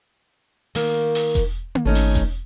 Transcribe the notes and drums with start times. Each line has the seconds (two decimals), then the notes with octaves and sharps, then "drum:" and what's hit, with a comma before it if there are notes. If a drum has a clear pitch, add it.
0.75 D#3 A#3, drum: open hi-hat
1.15 drum: open hi-hat
1.35 drum: kick E1, hi-hat
1.75 drum: tom A#3
1.85 G#1 A3 C#4 D#4
1.95 drum: open hi-hat
2.15 drum: kick E1, hi-hat